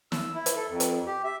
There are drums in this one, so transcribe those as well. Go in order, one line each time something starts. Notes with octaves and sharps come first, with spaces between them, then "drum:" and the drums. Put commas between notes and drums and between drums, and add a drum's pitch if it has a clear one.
E6, drum: snare
E4
drum: hi-hat
A4
F2
drum: hi-hat
G4
E5